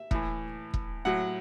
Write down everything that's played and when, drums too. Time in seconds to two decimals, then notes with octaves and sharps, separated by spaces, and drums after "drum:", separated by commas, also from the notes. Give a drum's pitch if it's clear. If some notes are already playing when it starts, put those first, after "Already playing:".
Already playing: E5
0.11 A2 E3, drum: kick E1
0.74 drum: kick E1
1.05 A2 F#3 F#5